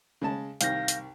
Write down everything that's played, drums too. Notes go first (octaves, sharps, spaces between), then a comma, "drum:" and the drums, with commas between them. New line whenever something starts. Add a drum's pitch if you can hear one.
C#3 G#3 A5
C2 D#3 F5 G6 A#6, drum: hi-hat
drum: hi-hat